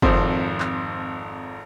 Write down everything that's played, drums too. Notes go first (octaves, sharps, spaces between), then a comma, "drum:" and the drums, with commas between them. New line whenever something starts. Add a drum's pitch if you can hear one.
G#1 F2 C5, drum: kick
drum: clap